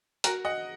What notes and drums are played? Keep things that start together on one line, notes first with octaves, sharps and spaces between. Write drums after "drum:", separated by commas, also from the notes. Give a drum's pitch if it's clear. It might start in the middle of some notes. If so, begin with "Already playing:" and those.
F#4 A#4, drum: hi-hat
D#5 F#5